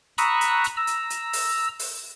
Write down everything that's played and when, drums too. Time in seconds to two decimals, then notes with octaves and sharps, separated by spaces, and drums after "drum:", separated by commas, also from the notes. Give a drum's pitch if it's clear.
0.18 A#5 B5 C#6 D#6 E6 F#6, drum: hi-hat
0.41 drum: hi-hat
0.64 drum: hi-hat
0.77 A#5 E6
0.87 drum: hi-hat
1.10 drum: hi-hat
1.33 drum: open hi-hat
1.80 drum: open hi-hat